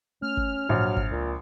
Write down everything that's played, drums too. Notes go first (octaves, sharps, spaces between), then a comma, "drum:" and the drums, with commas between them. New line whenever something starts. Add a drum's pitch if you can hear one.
A3 C#4 F6
drum: kick G1
A#1 G#2 F#3
drum: kick G1
C#2 A#2